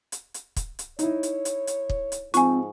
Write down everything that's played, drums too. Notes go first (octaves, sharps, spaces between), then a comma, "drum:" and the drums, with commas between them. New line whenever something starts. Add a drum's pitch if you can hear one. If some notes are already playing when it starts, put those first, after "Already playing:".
drum: hi-hat
drum: hi-hat
drum: kick, hi-hat
drum: hi-hat
D#4 E4 C#5, drum: hi-hat
drum: hi-hat
drum: hi-hat
drum: hi-hat
drum: kick
drum: hi-hat
G#2 F3 C4 G#5 C#6, drum: hi-hat